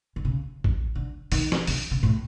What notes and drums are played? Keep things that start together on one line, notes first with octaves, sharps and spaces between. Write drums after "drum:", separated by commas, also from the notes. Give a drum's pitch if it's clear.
D3
C#3
drum: kick G#1
D3
D#3, drum: open hi-hat
drum: snare
D3, drum: open hi-hat
C#3
A2